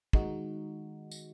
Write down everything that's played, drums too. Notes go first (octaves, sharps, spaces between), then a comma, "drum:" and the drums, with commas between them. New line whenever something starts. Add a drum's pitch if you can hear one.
D#3 G#3 D#4 F#4, drum: kick
drum: tambourine